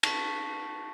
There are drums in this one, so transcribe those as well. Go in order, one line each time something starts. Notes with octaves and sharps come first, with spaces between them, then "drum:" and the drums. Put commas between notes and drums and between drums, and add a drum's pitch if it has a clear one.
A5 C#6 B6, drum: cymbal